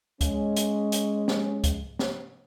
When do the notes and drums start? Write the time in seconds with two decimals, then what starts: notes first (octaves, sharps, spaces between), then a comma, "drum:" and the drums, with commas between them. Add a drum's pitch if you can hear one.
0.21 G#3 C#4, drum: kick C#2, hi-hat
0.56 drum: hi-hat
0.92 drum: hi-hat
1.28 drum: snare
1.64 drum: kick C#2, hi-hat
1.99 drum: snare